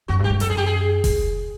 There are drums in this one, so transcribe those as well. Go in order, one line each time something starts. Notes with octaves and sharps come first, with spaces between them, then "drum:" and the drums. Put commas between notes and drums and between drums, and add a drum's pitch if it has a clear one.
F#2 F#4
G2
G4
G2
F#2 A4, drum: hi-hat
G#4
G4
G#4
drum: kick F1, open hi-hat